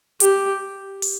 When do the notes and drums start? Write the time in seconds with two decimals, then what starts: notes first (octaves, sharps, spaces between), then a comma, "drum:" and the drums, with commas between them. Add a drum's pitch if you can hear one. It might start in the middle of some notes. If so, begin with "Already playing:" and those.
0.20 G4, drum: hi-hat
1.02 drum: open hi-hat